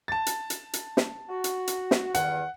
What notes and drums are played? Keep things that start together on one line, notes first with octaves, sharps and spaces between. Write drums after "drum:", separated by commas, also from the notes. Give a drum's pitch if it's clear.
A5 A6
drum: hi-hat
drum: hi-hat
drum: hi-hat
drum: snare
F#4
drum: hi-hat
drum: hi-hat
drum: snare
E2 G2 D#3 F#5, drum: hi-hat